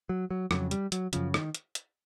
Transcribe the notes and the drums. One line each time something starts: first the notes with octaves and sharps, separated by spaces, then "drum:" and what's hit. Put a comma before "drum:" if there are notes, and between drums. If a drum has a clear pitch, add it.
F#3
F#3
F2 C#3 F#3, drum: rim click
G3, drum: hi-hat
F#3, drum: hi-hat
F#2 C#3 F3, drum: hi-hat
D#3, drum: rim click
drum: hi-hat
drum: hi-hat